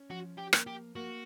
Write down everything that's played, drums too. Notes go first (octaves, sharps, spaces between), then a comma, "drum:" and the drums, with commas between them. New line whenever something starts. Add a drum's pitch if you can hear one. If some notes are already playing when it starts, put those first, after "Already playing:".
Already playing: C#4
F3 F#4
G4
A#3, drum: rim click
G4
A#3 F#4